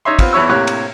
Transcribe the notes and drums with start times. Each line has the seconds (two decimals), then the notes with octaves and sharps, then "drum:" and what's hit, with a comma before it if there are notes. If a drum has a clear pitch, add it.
0.05 C#4 D#4 C#5 E5 C6
0.19 B3 C4 F4, drum: kick, cymbal
0.33 E2 E3 E4 C#5 C#6 E6
0.49 A2 C3 A#3 C#5 F#6
0.67 drum: cymbal